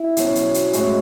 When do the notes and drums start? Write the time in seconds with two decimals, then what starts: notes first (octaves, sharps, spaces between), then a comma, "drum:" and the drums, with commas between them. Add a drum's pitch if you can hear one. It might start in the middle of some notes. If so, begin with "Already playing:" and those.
Already playing: E4
0.17 B2 F#3 C#4, drum: hi-hat
0.35 drum: hi-hat
0.54 drum: hi-hat
0.73 A2 G#3 C#4 F#4, drum: hi-hat